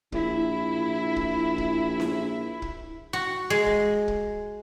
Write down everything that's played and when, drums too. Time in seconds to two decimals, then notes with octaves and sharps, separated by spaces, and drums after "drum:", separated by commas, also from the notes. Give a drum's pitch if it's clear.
0.12 A#1 E4, drum: kick
1.16 drum: kick
1.58 drum: kick
2.00 drum: snare C#4
2.62 drum: kick
3.13 F#4
3.50 G#3
3.66 drum: kick
4.08 drum: kick